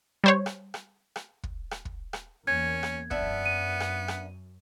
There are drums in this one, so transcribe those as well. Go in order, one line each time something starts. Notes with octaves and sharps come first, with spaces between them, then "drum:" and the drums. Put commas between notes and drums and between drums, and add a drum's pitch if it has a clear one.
G3 C5 C#5
drum: rim click
drum: rim click
drum: rim click
drum: kick
drum: rim click
drum: kick
drum: rim click
E2 A#3 C#4 G#6
drum: rim click
F#2 B3 D4 E5, drum: kick
D#7
drum: rim click
drum: rim click